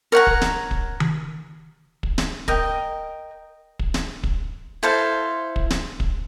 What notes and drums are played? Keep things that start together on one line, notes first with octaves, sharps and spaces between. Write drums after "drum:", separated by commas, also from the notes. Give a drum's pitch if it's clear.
A#4 C#5 F#5 A#5
drum: kick
drum: snare
drum: kick
drum: tom D#3
drum: kick
drum: snare
A#4 D#5 G5, drum: kick
drum: kick
drum: snare
drum: kick
E4 A4 C5 F5
drum: kick
drum: snare
drum: kick